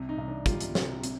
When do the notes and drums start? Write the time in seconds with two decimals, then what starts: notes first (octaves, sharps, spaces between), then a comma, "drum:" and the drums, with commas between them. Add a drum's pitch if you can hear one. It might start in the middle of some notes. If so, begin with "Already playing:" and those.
Already playing: C2 C3
0.09 D#4
0.18 C2
0.28 D4
0.46 G3 F4, drum: kick, hi-hat
0.61 drum: hi-hat
0.75 C2, drum: snare
1.03 C3, drum: hi-hat